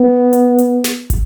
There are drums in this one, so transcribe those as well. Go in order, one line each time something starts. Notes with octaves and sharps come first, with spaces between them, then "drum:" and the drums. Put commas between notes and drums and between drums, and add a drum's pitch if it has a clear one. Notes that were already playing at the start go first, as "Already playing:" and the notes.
Already playing: B3
drum: hi-hat
drum: hi-hat
drum: snare
drum: kick, hi-hat